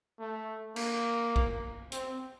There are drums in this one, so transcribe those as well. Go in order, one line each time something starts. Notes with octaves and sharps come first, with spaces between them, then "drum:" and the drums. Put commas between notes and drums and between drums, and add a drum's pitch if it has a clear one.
A3
A#3, drum: cymbal
drum: kick
C4, drum: hi-hat